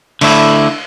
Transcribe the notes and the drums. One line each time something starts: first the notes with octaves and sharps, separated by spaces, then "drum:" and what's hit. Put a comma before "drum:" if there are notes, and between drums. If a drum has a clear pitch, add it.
D3 A3 E4, drum: cymbal